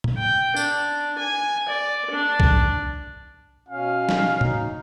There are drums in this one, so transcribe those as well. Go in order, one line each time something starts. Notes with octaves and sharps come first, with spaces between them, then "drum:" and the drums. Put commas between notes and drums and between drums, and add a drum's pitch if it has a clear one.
drum: tom
G5
D4, drum: tambourine
G#5
D5
D4
drum: kick C2
B2 C#4 F5
drum: snare
D#4, drum: tom